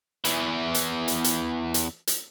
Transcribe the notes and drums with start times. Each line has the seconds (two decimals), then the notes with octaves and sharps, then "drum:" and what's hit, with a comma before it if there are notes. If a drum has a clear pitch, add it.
0.25 E2 E3, drum: hi-hat
0.75 drum: hi-hat
1.08 drum: hi-hat
1.24 drum: hi-hat
1.74 drum: hi-hat
2.07 drum: hi-hat